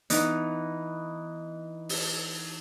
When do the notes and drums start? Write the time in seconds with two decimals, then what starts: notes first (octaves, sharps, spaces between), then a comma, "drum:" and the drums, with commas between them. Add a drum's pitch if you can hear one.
0.10 E3 B3 D#4, drum: hi-hat
1.89 drum: open hi-hat